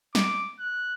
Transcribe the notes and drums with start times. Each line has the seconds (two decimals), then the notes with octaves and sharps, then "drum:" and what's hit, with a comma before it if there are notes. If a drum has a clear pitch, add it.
0.15 D6, drum: snare
0.59 F#6